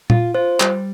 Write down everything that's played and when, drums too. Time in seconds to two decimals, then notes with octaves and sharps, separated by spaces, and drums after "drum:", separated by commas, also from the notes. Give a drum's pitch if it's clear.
0.10 F4, drum: tom
0.35 F4 C5
0.60 G3, drum: clap